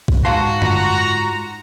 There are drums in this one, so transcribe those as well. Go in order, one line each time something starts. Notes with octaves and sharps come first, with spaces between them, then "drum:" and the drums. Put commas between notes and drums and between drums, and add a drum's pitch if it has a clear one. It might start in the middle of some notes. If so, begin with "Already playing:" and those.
drum: kick B1
G#2 F#4 F5 A5 C6
F4 F#5 A#5, drum: tom F#2